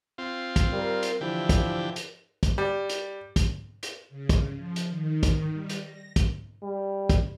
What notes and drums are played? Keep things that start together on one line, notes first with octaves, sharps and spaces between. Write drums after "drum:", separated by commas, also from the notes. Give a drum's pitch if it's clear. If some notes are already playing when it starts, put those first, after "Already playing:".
C4 F4
drum: kick, hi-hat
G3 A#4
drum: hi-hat
D3 E3 F3 E4 G4
drum: kick, hi-hat
drum: hi-hat
drum: kick, hi-hat
G3
drum: hi-hat
drum: kick, hi-hat
drum: hi-hat
C#3
drum: kick, hi-hat
F3
drum: hi-hat
D#3
drum: kick, hi-hat
G3
drum: hi-hat
A#6
drum: kick, hi-hat
G3
drum: kick, hi-hat